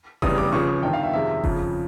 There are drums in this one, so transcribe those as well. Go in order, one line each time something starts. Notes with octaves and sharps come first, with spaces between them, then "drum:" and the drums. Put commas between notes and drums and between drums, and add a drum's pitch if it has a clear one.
F1 E2 C#3 E3 G3 D#6, drum: kick F#1
D6
C#2 C#3 F3 C#6
G1 G2 D#3 G5
F5
E5
F2 C3 D#3 G#3 E5
F2 C#3 F3, drum: kick F#1